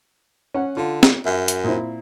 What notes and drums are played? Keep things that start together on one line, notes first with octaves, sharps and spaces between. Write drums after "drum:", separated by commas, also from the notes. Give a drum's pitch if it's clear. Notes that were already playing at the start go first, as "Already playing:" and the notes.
C#4 F#5
D3 F4
drum: snare
F#2 E5
drum: hi-hat
A#2 C4 E4